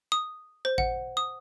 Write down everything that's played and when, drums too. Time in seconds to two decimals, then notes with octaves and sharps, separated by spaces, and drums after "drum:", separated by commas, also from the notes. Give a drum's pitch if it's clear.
0.12 D#6
0.65 C5
0.78 F#5, drum: kick A1
1.17 D#6